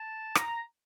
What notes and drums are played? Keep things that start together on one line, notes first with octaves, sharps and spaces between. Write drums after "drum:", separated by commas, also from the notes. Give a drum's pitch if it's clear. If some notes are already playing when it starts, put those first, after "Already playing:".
Already playing: A5
A#5, drum: rim click